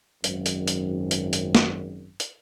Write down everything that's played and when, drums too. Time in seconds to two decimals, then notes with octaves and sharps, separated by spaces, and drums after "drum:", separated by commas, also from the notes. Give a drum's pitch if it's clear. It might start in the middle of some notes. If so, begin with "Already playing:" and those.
0.24 G#1 F#2, drum: hi-hat
0.46 drum: hi-hat
0.68 drum: hi-hat
1.11 drum: hi-hat
1.33 drum: hi-hat
1.55 drum: snare
2.20 drum: hi-hat